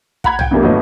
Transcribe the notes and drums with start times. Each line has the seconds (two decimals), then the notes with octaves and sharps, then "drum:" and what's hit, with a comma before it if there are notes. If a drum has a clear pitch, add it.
0.24 F#5 A#5 B5 G#6, drum: kick
0.39 F#5 G5 G6, drum: tom
0.51 F2 B2 G3 A3 A#3 D4
0.63 G1 D#2 A2 F#3 B3 D#5